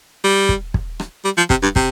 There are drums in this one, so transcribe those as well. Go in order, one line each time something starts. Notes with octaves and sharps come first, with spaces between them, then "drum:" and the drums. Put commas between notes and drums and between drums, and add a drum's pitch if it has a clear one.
G3
drum: kick
drum: kick
drum: rim click
G3
F3
C3, drum: kick
G2
C3, drum: kick